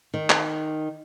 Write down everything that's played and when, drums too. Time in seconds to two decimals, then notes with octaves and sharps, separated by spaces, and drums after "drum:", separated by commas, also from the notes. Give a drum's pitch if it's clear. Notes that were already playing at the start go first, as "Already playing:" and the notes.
0.14 D#3
0.30 drum: clap